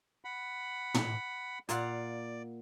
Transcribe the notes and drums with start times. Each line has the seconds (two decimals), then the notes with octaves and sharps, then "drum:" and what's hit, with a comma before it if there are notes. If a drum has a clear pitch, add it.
0.25 F#5 B5
0.94 drum: tom
1.69 A#2 D5 F5 F#5, drum: hi-hat